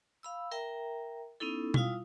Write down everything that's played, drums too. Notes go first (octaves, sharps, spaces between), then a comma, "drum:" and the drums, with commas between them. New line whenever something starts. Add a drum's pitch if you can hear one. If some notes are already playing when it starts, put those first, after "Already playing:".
F5 B5 E6
A#4 E5 G5 A#5
B3 C#4 D#4 E4 A4
G3 E4 F4 F5 D#6, drum: tom B2